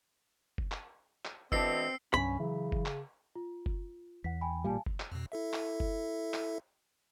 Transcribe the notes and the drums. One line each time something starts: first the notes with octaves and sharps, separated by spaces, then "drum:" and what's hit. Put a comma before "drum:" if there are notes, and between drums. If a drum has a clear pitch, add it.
drum: kick F#1
drum: clap
drum: clap
B2 E3 A3 C4 D4 E6 C7, drum: kick F#1
C2 G2 F#3 C#4 B5
C#3 E3 F#3
drum: kick F#1
drum: clap
F4
drum: kick F#1
E2 F#5 B6
G5 G#5 B5
A1 A#2 G3 F5 G#5 A5
drum: kick F#1
drum: clap
F2 B2
E4 A4 E5
drum: clap
drum: kick F#1
drum: clap